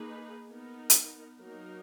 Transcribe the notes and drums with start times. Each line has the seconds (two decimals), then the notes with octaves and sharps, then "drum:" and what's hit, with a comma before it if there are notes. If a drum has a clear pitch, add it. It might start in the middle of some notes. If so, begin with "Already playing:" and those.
Already playing: A#3 D#4 G#4 B4
0.50 B3 D#4 A#4
0.90 drum: hi-hat
1.39 F#3 A#3 D#4 A#4